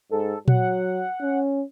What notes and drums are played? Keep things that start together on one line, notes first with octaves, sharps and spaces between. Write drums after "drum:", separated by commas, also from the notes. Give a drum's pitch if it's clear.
G#2 A4
F#3 F#5, drum: tom A#2
C#4